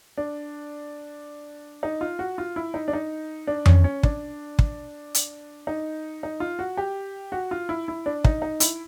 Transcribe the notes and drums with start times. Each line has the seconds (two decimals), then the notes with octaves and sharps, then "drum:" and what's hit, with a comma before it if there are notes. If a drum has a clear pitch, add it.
0.17 D4
1.83 D#4
2.01 F4
2.19 F#4
2.38 F4
2.56 E4
2.74 D#4
2.88 D4
2.93 D#4
3.47 D4
3.66 C#4, drum: tom F2
3.84 C#4
4.03 D4, drum: kick
4.59 drum: kick
5.14 drum: hi-hat
5.67 D#4
6.23 D#4
6.40 F4
6.59 F#4
6.77 G4
7.32 F#4
7.51 F4
7.69 E4
7.88 E4
8.06 D4
8.24 D#4, drum: kick
8.42 D#4
8.60 E4, drum: hi-hat